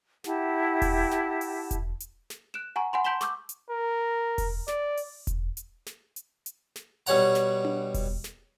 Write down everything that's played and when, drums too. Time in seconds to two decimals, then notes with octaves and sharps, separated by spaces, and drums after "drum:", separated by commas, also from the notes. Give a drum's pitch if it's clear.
0.24 E4 G4 F#5 A5, drum: snare
0.82 drum: kick E1, open hi-hat
1.11 drum: snare
1.41 drum: open hi-hat
1.71 drum: kick E1, hi-hat
2.00 drum: hi-hat
2.30 drum: snare
2.54 F#6 D7 E7
2.76 F#5 G#5 A#5 C#6
2.93 F#5 G#5 B5 C6
3.05 A5 C6 G6 B6 E7 G7
3.21 C#6 D6 E6 G6, drum: snare
3.49 drum: hi-hat
3.70 A#4
4.38 drum: kick E1, open hi-hat
4.68 D5, drum: snare
4.97 drum: open hi-hat
5.27 drum: kick E1, hi-hat
5.57 drum: hi-hat
5.86 drum: snare
6.16 drum: hi-hat
6.46 drum: hi-hat
6.76 drum: snare
7.06 B2 G3 C#5 F#5 A#5, drum: hi-hat
7.35 drum: snare
7.65 drum: tom D4
7.94 drum: kick E1, open hi-hat
8.24 drum: snare